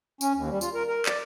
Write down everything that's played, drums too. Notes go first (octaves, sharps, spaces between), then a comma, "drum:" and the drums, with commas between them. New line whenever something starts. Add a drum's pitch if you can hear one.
C#4, drum: tambourine
D#2
G3
F4, drum: tambourine
A#4
A#4
D5, drum: clap